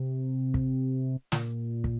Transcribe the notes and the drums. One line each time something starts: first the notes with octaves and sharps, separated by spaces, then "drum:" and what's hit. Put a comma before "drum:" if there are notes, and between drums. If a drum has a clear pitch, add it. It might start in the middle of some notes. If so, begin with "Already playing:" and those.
Already playing: C3
drum: kick
A#2, drum: snare
drum: kick